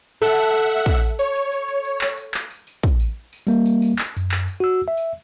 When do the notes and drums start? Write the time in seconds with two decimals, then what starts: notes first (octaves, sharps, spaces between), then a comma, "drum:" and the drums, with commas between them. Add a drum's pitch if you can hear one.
0.22 A4 E5 F#5
0.53 drum: tambourine
0.70 drum: tambourine
0.86 drum: kick, tambourine
1.02 drum: tambourine
1.19 C#5, drum: tambourine
1.35 drum: tambourine
1.52 drum: tambourine
1.68 drum: tambourine
1.85 drum: tambourine
2.01 drum: clap
2.18 drum: tambourine
2.34 drum: clap
2.51 drum: tambourine
2.67 drum: tambourine
2.83 drum: kick, tambourine
3.00 drum: tambourine
3.33 drum: tambourine
3.47 G3 A#3, drum: tambourine
3.66 drum: tambourine
3.82 drum: tambourine
3.99 drum: clap
4.17 F#2, drum: tambourine
4.31 drum: clap
4.48 drum: tambourine
4.60 F#4 E6
4.88 E5
4.97 drum: tambourine